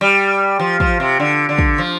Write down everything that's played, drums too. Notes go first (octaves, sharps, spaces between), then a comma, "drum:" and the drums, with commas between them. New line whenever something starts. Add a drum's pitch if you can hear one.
G3
F3
F3, drum: kick
C3
D3
D3
drum: kick
F3